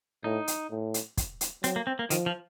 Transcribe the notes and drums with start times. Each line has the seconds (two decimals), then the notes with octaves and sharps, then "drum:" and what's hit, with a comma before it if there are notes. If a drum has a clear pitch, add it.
0.24 A2 D#4
0.48 drum: hi-hat
0.71 A2
0.94 drum: hi-hat
1.17 drum: kick, hi-hat
1.41 drum: hi-hat
1.64 F#3 C4, drum: hi-hat
1.76 A#3
1.87 C4
1.99 A#3
2.10 D#3 F3, drum: hi-hat
2.26 F3